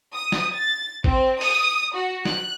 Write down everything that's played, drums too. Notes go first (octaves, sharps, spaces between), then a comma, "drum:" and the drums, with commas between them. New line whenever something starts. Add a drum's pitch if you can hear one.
D#6
drum: snare
A6
C4, drum: kick G#1
D#6, drum: open hi-hat
F#4
F#6, drum: snare